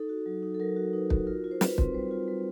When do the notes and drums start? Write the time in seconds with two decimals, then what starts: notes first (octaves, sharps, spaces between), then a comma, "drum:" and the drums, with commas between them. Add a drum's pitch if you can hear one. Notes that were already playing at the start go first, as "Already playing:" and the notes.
Already playing: D#4 A4
0.09 F#4
0.26 F#3
0.43 D#4
0.54 A4
0.60 F#3 A#4
0.76 F#4
0.93 D#4 B4
1.10 F#4, drum: kick
1.27 F4 A#4
1.44 F4
1.51 C5
1.61 G3 B4, drum: snare
1.78 C4, drum: kick
1.94 G3 C5
2.11 F4
2.28 G3